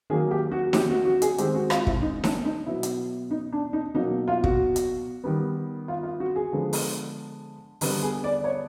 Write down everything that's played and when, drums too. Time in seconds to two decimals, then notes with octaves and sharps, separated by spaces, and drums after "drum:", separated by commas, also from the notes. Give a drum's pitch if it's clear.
0.10 D#3 F#3 A#3 G#4
0.31 G4
0.52 F#4
0.73 G4, drum: snare D#4
0.90 F#4
1.05 F#4
1.22 G#4, drum: hi-hat
1.38 D#3 G#3 C4 G4, drum: hi-hat
1.55 F#4
1.70 F4, drum: rim click
1.87 E4, drum: kick
2.02 D#4
2.24 D4, drum: snare D#4
2.45 D#4
2.66 B2 F#3 B3 E4
2.83 drum: hi-hat
3.31 D#4
3.53 D4
3.73 D#4
3.94 B2 F#3 A#3 D#4
4.28 F4
4.44 F#4, drum: kick
4.76 drum: hi-hat
5.24 D#3 G3 B3
5.88 F4
6.03 F4
6.20 F#4
6.36 G#4
6.53 D3 F3 G#3 B3
6.73 drum: open hi-hat
7.81 D3 G3 B3, drum: open hi-hat
8.02 G#4
8.24 D5
8.44 C#5